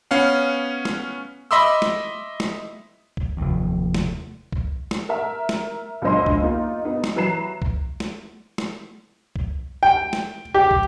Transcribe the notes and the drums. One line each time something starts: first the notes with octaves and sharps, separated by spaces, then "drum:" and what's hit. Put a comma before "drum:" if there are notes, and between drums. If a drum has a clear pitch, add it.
B3 C#4 F5 F#5
drum: snare
D#5 E5 B5 C6 D6 E6
drum: snare
drum: snare
drum: kick
F1 D#2
drum: snare
drum: kick
drum: snare
A#4 E5
drum: snare
C#2 F#2 D3 C5 D#5 C6
drum: kick
A#3 D#4 F4
B3 D#4
drum: snare
E3 F#3 B4 A#5 C7 E7
drum: kick
drum: snare
drum: snare
drum: kick
G5
drum: snare
G4
drum: kick